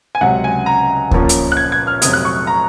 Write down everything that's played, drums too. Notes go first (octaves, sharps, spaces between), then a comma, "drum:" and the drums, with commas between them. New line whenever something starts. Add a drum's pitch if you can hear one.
G#5
C#2 C3 F#3 F#5
G#5
A#5
A#1 A#2 F3 A#3 C#4, drum: kick D2
drum: hi-hat
F#6
G#6
G#6
F6
F1 F2 C3 F#3 D#6, drum: hi-hat
F#6
C#6
A#5